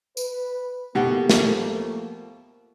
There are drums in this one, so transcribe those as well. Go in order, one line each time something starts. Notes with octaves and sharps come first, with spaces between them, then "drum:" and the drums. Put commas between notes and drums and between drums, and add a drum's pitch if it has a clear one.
B4, drum: tambourine
B2 F3 A3 A#3 G4 F#5
drum: snare